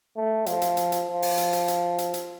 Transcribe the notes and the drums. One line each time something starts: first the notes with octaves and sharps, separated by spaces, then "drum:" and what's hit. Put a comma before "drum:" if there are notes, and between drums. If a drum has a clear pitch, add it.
A3
F3, drum: hi-hat
drum: hi-hat
drum: hi-hat
drum: hi-hat
F3
drum: open hi-hat
drum: hi-hat
drum: hi-hat
drum: hi-hat
drum: hi-hat
drum: hi-hat